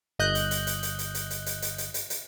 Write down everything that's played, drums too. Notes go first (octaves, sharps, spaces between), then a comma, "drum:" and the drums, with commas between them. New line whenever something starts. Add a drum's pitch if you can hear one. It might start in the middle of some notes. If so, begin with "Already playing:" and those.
G1 D#5 F#6 G6
drum: hi-hat
drum: hi-hat
drum: hi-hat
drum: hi-hat
drum: hi-hat
drum: hi-hat
drum: hi-hat
drum: hi-hat
drum: hi-hat
drum: hi-hat
drum: hi-hat
drum: hi-hat